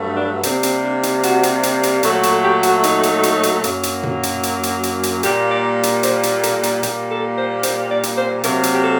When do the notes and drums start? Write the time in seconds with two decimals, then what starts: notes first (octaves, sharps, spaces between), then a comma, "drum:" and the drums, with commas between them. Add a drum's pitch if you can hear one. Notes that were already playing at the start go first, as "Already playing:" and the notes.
Already playing: G2 F#3 A3
0.16 D4
0.43 C3 G3 A#3 C4, drum: hi-hat
0.63 C4, drum: hi-hat
0.83 D4
1.03 D#4, drum: hi-hat
1.23 F#4, drum: hi-hat
1.43 drum: hi-hat
1.63 drum: hi-hat
1.83 drum: hi-hat
2.03 A#2 F#3 A3 A4, drum: hi-hat
2.23 A4, drum: hi-hat
2.43 G4
2.63 F#4, drum: hi-hat
2.83 D#4, drum: hi-hat
3.03 drum: hi-hat
3.23 drum: hi-hat
3.43 drum: hi-hat
3.64 F#2 F#3 A#3, drum: hi-hat
3.83 drum: hi-hat
4.03 drum: tom A#2
4.23 drum: hi-hat
4.43 drum: hi-hat
4.63 drum: hi-hat
4.83 drum: hi-hat
5.03 drum: hi-hat
5.23 A#2 G3 A#3 G4, drum: hi-hat
5.51 D5
5.83 drum: hi-hat
6.03 C5, drum: hi-hat
6.23 drum: hi-hat
6.43 A4, drum: hi-hat
6.63 drum: hi-hat
6.83 A#2 G3 A#3 G4, drum: hi-hat
7.10 A4
7.37 C5
7.63 C5, drum: hi-hat
7.90 D5
8.03 drum: hi-hat
8.17 C5
8.43 C3 F#3 A#3 A#4, drum: hi-hat
8.63 drum: hi-hat
8.74 G4
8.83 A4